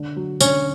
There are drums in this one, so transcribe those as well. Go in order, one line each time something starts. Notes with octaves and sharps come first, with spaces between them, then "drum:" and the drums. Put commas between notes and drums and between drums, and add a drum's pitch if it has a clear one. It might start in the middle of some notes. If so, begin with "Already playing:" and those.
Already playing: D3
F#3
D3 C#4, drum: tambourine